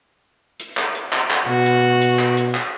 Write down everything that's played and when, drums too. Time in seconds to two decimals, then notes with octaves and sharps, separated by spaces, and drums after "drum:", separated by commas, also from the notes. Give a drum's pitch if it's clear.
0.59 drum: hi-hat
0.77 drum: clap
0.95 drum: hi-hat
1.13 drum: clap
1.30 drum: clap
1.48 B2 F#4
1.66 drum: hi-hat
2.01 drum: hi-hat
2.19 drum: clap
2.37 drum: hi-hat
2.55 drum: clap